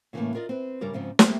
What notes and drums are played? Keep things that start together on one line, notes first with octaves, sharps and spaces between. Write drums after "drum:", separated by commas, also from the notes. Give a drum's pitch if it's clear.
A2 C#3 E3 F#3 A3 A#3
F4 A#4 D5 D#5
C4 B4
G2 C#3 G3 A#4 D5
G#2 C#3 F3 C4
G3 A3 A#3 C4 G4, drum: snare